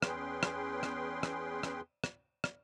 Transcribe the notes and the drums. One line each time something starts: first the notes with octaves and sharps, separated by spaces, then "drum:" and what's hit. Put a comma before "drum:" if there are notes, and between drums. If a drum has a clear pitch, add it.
E2 C#4 G#4 B4 G5 C6, drum: rim click
drum: rim click
drum: rim click
drum: rim click
drum: rim click
drum: rim click
drum: rim click